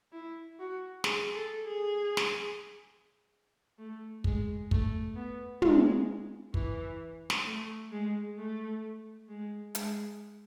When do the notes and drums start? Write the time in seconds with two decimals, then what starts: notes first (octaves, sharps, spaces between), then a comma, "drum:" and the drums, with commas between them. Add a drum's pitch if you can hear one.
0.12 E4
0.59 F#4
1.04 G#4, drum: snare
1.35 A4
1.66 G#4
2.17 drum: snare
3.79 A3
4.24 G#3, drum: kick
4.71 A3, drum: kick
5.16 B3
5.62 G#3, drum: tom
6.54 E3, drum: kick
7.30 drum: snare
7.45 A3
7.92 G#3
8.37 A3
9.29 G#3
9.75 G#3, drum: hi-hat